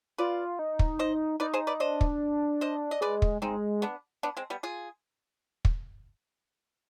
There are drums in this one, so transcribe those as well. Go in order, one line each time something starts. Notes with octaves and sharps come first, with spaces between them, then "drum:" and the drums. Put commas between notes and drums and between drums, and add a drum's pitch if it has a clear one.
F4 B4 D5
D#4
drum: kick
C5 D#5
D#4 B4 D5
G#4 C5
B4 D5
D4 C5 D#5
drum: kick
C5 D#5
D#5
G#3 B4 D5
drum: kick
G#3 C4 D#4
B3 D4
B3 D4
G#3 C4
G3 B3
F4 G#4
drum: kick